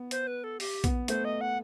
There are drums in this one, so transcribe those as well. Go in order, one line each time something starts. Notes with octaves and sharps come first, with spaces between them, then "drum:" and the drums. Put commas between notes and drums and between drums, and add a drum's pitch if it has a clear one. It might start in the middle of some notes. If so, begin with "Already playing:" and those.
Already playing: B3
C5, drum: hi-hat
B4
A4
G4, drum: open hi-hat
B3, drum: kick A#1, hi-hat
A3 C5, drum: hi-hat
D#5
F#5